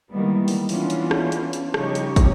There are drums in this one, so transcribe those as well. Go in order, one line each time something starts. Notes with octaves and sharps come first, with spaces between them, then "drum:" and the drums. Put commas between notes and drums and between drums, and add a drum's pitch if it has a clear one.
D#3 E3 G3 G#3 A#3 B3
drum: open hi-hat
E3 B3 C#4 D4 F4, drum: open hi-hat
drum: hi-hat
drum: rim click
drum: hi-hat
drum: hi-hat
C#3 F3 G3 D#4 G4 C#5, drum: rim click
drum: hi-hat
drum: kick, hi-hat